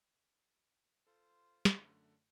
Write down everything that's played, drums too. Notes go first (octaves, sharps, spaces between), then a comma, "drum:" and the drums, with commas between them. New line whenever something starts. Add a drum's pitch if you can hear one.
F4 A4 C5
F#2 D3 A3, drum: snare